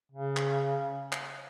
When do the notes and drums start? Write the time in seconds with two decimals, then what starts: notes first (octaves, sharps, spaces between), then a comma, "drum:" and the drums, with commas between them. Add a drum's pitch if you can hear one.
0.12 C#3
0.37 drum: clap
1.12 drum: clap